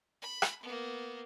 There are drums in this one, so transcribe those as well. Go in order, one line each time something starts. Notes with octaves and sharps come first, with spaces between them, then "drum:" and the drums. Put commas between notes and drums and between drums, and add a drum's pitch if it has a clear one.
B5
drum: rim click
A#3 B3